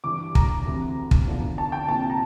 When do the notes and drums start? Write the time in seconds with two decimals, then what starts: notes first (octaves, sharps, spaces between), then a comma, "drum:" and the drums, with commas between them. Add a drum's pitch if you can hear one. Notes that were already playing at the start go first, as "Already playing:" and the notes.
0.04 G2 E3 D6
0.35 A#5, drum: kick
0.65 D2 C3 E3
1.11 drum: kick
1.27 E2 D3 F3
1.58 A5
1.72 G5
1.88 C2 A#2 F3 A5
2.10 A#5